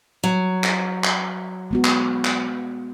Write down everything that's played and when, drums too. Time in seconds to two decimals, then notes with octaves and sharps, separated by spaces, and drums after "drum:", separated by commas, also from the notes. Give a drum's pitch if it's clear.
0.24 F#3
0.64 drum: clap
1.04 drum: clap
1.71 G#3 B3 F#4
1.84 drum: clap
2.25 drum: clap